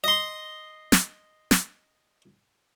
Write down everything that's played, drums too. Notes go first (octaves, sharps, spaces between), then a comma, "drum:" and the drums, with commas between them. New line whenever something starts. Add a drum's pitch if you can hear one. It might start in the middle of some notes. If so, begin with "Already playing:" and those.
D#5 C6
drum: snare
drum: snare